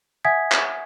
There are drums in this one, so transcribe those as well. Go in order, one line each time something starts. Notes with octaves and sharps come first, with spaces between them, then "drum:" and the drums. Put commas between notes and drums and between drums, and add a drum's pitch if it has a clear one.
E5 F#5 G#5 D#6 G#6 B6
drum: clap